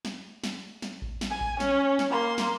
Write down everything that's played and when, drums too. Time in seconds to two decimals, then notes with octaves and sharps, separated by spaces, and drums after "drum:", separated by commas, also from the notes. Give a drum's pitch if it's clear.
0.05 drum: snare
0.44 drum: snare
0.82 drum: snare
1.02 drum: kick A1
1.21 drum: snare
1.30 G#5
1.41 drum: kick A1
1.60 C#4, drum: snare
1.99 drum: snare
2.10 A#3 C6
2.38 drum: snare